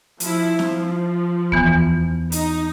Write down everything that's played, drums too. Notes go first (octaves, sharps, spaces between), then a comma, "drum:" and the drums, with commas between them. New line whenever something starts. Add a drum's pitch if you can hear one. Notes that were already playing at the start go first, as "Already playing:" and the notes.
F3 E4, drum: hi-hat
F3, drum: snare C4
E2 E3 B3, drum: kick D2
D#4, drum: hi-hat